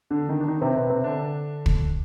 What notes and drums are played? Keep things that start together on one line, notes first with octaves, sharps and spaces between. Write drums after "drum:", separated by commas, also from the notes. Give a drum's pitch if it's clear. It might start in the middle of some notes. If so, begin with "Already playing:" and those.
D3 D4
D#3 D#4
D4
D#3 D#4
C3 C4
B2 B3
C3 C4
D3 D4
drum: kick